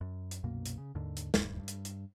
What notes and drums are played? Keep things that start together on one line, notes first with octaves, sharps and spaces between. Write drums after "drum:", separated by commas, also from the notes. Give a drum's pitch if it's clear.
F#2
drum: hi-hat
C2 F#2 B2 A#3
drum: hi-hat
C#3
D#2 G#2 D3
drum: hi-hat
D#1 D2 G2, drum: snare
G2
drum: hi-hat
drum: hi-hat